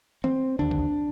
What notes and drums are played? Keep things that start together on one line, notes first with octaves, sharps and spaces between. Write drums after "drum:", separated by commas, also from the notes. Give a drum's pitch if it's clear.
C4, drum: tom D#3
D#2 D3 D4
drum: kick B1